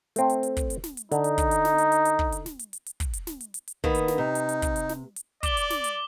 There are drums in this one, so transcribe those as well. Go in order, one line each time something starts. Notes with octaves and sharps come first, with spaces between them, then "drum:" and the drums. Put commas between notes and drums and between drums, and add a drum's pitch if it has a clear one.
A3 C4, drum: hi-hat
drum: hi-hat
drum: hi-hat
drum: kick, hi-hat
drum: hi-hat
drum: snare
drum: hi-hat
D3 D#4, drum: hi-hat
drum: hi-hat
drum: kick, hi-hat
drum: hi-hat
drum: snare
drum: hi-hat
drum: hi-hat
drum: hi-hat
drum: kick
drum: hi-hat
drum: snare
drum: hi-hat
drum: hi-hat
drum: hi-hat
drum: kick, hi-hat
drum: hi-hat
drum: snare
drum: hi-hat
drum: hi-hat
drum: hi-hat
D#3 A#3 B3, drum: kick
drum: hi-hat
drum: snare
C3 D#4
drum: hi-hat
drum: hi-hat
drum: kick, hi-hat
drum: hi-hat
drum: snare
drum: hi-hat
D5 D6 G7, drum: kick, hi-hat
drum: hi-hat
drum: snare
drum: hi-hat